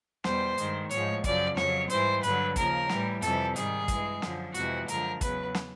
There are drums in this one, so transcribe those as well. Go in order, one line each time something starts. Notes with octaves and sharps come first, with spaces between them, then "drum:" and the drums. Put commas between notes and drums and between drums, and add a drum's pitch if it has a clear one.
E2 B2 G3 C5, drum: snare
G2 D#3 G#3, drum: hi-hat
A2 F3 G#3 C#5, drum: hi-hat
F#2 C#3 F3 D5, drum: kick, hi-hat
F2 C#3 F#3 C#5, drum: snare
G#2 E3 G3 C5, drum: hi-hat
G2 D3 F#3 B4, drum: hi-hat
D#2 C#3 F3 A#4, drum: kick, hi-hat
A2 E3 G3, drum: snare
F2 C3 E3 G3 A4, drum: hi-hat
G#2 D#3 G3 G#4, drum: hi-hat
G2 E3 G#3, drum: kick, hi-hat
F#2 D3 F3, drum: snare
F2 C3 E3 G#3 F#4, drum: hi-hat
F#2 D3 F3 G#3 A#4, drum: hi-hat
E2 C#3 F#3 B4, drum: kick, hi-hat
drum: snare